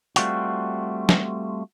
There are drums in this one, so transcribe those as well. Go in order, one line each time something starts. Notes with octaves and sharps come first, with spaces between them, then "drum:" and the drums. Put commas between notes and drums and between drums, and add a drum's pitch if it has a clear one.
G3 A3 C4 F4 F#4, drum: hi-hat
drum: snare